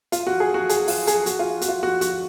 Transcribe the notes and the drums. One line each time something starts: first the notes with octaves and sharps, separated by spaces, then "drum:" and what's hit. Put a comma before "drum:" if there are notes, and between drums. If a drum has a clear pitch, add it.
F4, drum: hi-hat
F#4
G#4
F#4
G#4, drum: hi-hat
F4, drum: open hi-hat
G#4, drum: hi-hat
F#4, drum: hi-hat
F4
F#4, drum: hi-hat
F4
F#4
F#4, drum: hi-hat